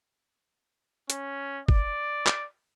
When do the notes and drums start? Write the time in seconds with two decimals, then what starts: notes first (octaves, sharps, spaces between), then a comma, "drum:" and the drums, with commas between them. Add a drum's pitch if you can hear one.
1.10 C#4, drum: hi-hat
1.68 D5, drum: kick
2.26 drum: clap